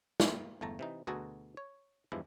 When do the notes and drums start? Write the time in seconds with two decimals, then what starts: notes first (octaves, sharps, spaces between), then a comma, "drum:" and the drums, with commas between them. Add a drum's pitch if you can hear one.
0.20 A#3 E4 F4 A#4 B4, drum: snare
0.61 G1 E2 A3 A5 A#5
0.79 C3 E3 D#4
1.07 D2 B2 F#4 G#4 A4 A#5
1.57 C#5
2.12 E2 G2 F3 G#3 E4